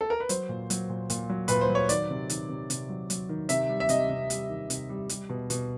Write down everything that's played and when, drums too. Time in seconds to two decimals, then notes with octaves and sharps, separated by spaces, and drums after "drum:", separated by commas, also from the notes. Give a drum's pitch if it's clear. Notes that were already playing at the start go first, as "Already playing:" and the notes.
0.01 A4
0.10 A#4
0.20 B4
0.29 F#3 C5, drum: hi-hat
0.49 A#2
0.70 F#3, drum: hi-hat
0.89 A#2
1.10 A#2, drum: hi-hat
1.29 F#3
1.48 A#2 B4, drum: hi-hat
1.61 C5
1.69 F#3
1.75 C#5
1.89 D#3 D5, drum: hi-hat
2.10 C3
2.30 D#3, drum: hi-hat
2.49 C3
2.70 C3, drum: hi-hat
2.89 F#3
3.10 F#3, drum: hi-hat
3.29 D#3
3.49 C3 E5, drum: hi-hat
3.69 G3
3.80 E5
3.89 C3 D#5, drum: hi-hat
4.09 C3
4.30 G3, drum: hi-hat
4.49 D#3
4.70 C3, drum: hi-hat
4.89 G3
5.09 G3, drum: hi-hat
5.29 B2
5.50 B2, drum: hi-hat